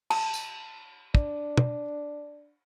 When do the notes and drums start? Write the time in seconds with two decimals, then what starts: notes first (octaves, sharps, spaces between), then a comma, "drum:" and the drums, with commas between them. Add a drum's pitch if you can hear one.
0.10 A5, drum: cymbal
0.34 drum: tambourine
1.15 D4, drum: kick
1.57 drum: tom